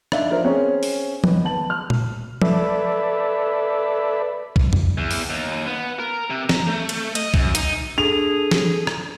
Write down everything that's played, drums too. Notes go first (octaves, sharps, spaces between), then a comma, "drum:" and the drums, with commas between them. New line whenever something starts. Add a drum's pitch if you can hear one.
D4 D#4 D5 E5 F5, drum: rim click
F3 A#4 C5 E5
C4 C#4 G#4 C#5
drum: open hi-hat
D#3 B3, drum: tom F3
A5 F#7
F6
drum: tom A#2
A4 B4 D5 E5, drum: tom F3
drum: kick B1
drum: tom F2
E2
drum: open hi-hat
D#2
B3
A#4
C3
A#5, drum: snare
A3
drum: cymbal
D#5, drum: cymbal
F#2, drum: kick B1
D#4, drum: hi-hat
D4 G#4 A4 F7
drum: snare
drum: rim click